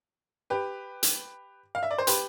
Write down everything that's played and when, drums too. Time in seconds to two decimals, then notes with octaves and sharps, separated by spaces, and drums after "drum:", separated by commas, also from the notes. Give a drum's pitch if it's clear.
0.50 G4 B4
1.03 drum: hi-hat
1.75 F5
1.83 E5
1.91 D5
1.98 C5
2.07 G4 B4, drum: hi-hat